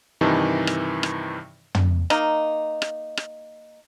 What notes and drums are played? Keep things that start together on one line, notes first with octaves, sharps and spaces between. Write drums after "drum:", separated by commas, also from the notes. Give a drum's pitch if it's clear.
G2 C3 D#3 E3 D#4 A5
drum: rim click
drum: rim click
drum: tom
A#3 D#4, drum: rim click
drum: rim click
drum: rim click